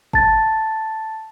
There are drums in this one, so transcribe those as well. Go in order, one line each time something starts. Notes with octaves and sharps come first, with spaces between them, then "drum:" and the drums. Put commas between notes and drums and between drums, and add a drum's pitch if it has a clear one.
A5 A6, drum: kick G#1